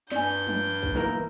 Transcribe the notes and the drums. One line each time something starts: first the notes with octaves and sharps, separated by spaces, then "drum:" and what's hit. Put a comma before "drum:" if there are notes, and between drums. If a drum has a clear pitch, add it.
G2 D5 G#5 G6, drum: snare
drum: tom
drum: kick
B1 E3 A#3